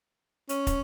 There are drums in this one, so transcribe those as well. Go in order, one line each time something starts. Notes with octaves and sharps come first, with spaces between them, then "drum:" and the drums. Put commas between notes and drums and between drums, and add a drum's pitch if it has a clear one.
C#4, drum: hi-hat
drum: kick, hi-hat